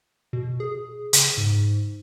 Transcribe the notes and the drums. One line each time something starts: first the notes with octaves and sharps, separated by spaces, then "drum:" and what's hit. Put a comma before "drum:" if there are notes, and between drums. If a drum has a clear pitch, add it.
B2
G#4
C#3, drum: hi-hat
G#2